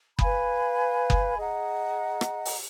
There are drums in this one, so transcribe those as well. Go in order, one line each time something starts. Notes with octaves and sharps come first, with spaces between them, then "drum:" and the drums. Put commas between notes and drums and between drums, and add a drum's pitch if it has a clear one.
B4 F5 G#5 B5, drum: kick F#1
drum: kick F#1
G#4 D#5 F#5 A#5
drum: rim click
drum: open hi-hat